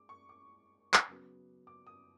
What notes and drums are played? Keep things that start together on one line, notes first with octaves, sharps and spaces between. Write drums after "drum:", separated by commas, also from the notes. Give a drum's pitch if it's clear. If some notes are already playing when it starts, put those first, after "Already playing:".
Already playing: G#3 D6
C#6
D6
drum: clap
C#3 F#3 B3
D6
D#6